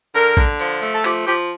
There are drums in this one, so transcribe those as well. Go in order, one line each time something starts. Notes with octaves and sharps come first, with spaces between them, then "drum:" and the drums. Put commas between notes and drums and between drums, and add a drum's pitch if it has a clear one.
D3 A#4, drum: tambourine
D3, drum: kick, tambourine
F3, drum: tambourine
A3, drum: tambourine
A4
F3 G4, drum: clap
F3 G4, drum: tambourine